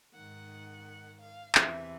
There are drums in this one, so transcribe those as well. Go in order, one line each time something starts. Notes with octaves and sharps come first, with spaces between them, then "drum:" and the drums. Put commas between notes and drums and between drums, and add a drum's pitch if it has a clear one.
G#2 D#3 F#5
F5
E2 C3 E3 E5, drum: clap